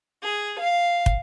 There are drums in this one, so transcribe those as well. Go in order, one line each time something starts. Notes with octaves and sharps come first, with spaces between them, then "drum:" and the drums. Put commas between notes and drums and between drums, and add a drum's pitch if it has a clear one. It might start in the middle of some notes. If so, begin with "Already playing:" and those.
G#4
F5
drum: kick